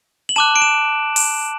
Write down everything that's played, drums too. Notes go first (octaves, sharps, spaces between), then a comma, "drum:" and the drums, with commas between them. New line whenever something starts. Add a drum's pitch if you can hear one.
F#7
A5 D6 F#6 E7
D7
E7
drum: open hi-hat